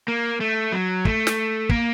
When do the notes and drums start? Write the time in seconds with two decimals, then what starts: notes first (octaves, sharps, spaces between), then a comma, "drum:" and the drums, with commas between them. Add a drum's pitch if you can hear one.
0.08 A#3
0.41 A3
0.73 F#3
1.05 A3, drum: kick
1.27 drum: snare
1.69 A#3, drum: kick